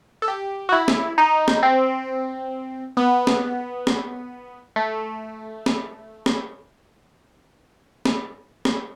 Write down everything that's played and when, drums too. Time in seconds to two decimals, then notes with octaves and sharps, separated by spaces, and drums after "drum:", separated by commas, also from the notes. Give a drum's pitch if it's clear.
0.22 A4
0.28 G4
0.69 F#4
0.72 E4
0.88 drum: snare
1.18 D#4
1.48 drum: snare
1.63 C4
2.97 B3
3.27 drum: snare
3.87 drum: snare
4.76 A3
5.66 drum: snare
6.26 drum: snare
8.05 drum: snare
8.65 drum: snare